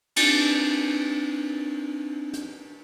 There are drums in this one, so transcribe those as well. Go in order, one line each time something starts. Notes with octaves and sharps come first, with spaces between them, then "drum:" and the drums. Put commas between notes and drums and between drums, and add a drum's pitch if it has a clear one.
C4 D4 D#4, drum: cymbal
drum: hi-hat